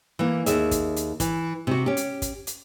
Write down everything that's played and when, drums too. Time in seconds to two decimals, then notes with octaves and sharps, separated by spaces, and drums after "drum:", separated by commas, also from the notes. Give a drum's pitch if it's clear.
0.19 E3 A#3
0.46 D#2 G#4 E5, drum: hi-hat
0.71 drum: kick, hi-hat
0.96 drum: hi-hat
1.20 E3, drum: kick, hi-hat
1.67 C3 F#4
1.86 C#4 G4
1.97 drum: hi-hat
2.22 drum: kick, hi-hat
2.47 drum: hi-hat